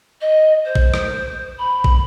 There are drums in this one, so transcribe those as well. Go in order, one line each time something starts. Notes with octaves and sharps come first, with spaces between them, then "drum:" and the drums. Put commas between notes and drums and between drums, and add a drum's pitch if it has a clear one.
D#5
C5
drum: kick
drum: rim click
B5
drum: kick